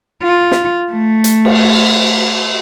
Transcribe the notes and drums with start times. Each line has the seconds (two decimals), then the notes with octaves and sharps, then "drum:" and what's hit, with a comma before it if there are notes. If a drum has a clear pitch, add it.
0.23 F4
0.51 drum: snare
0.92 A3
1.24 drum: hi-hat
1.45 drum: cymbal